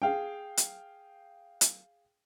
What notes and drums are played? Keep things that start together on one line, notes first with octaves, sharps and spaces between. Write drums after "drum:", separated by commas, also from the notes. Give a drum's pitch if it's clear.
G#4 F5 G5
drum: hi-hat
drum: hi-hat